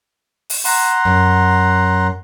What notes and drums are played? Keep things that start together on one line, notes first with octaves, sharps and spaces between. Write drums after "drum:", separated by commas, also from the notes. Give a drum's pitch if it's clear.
drum: open hi-hat
F#5 A#5 C6, drum: open hi-hat
F#2